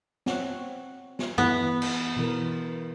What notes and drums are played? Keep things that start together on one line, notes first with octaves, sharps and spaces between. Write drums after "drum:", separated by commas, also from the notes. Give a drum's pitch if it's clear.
C4 C#5 F#5, drum: snare
drum: snare
E3 B3 E4 B4, drum: tom G2
drum: cymbal
B2 E3 A#4